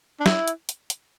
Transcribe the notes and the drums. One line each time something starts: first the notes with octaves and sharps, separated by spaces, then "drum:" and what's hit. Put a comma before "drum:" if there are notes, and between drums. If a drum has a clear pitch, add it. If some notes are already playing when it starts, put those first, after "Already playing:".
D4
E4, drum: snare
drum: hi-hat
drum: hi-hat
drum: hi-hat